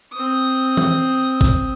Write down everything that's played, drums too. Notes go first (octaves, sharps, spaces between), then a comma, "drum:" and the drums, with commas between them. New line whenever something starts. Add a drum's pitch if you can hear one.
C4 D#6
drum: tom E3
drum: kick